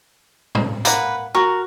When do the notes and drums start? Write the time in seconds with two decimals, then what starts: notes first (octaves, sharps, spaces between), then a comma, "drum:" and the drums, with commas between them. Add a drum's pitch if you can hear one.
0.55 drum: tom A2
0.85 A#3 B4 F#5, drum: hi-hat
1.35 F#4 A#4